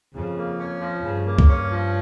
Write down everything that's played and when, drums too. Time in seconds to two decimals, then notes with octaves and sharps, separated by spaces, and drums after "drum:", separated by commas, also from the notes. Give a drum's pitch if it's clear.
0.14 F2 C#3
0.37 A#3
0.58 C#4
0.80 F3
1.03 G2 C#3
1.27 A#3
1.39 drum: kick
1.48 G2 C#4
1.71 F3